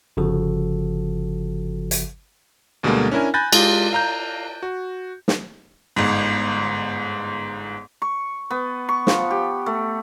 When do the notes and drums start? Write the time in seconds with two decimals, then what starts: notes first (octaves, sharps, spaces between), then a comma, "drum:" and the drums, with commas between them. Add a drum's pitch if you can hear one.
0.17 G1 C#3 F3 F#4 A4
1.91 drum: hi-hat
2.83 D2 B2 D3 G3 G#3 A#3
3.11 C#4 D4 E4 A#4 G#5
3.34 G#5 B5 F#6 G6 A6 A#6
3.53 G#3 F4 G4, drum: cymbal
3.93 F5 A#5 G6
4.63 F#4
5.28 drum: snare
5.96 G1 G#2
8.02 C#6
8.51 B3
8.89 C#6
9.07 F3, drum: snare
9.31 G4
9.66 A3